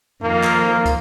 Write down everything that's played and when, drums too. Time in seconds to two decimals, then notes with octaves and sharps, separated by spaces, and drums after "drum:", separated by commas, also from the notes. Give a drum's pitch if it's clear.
0.22 F2 D#3 A#3 F4
0.43 drum: clap
0.85 drum: kick, hi-hat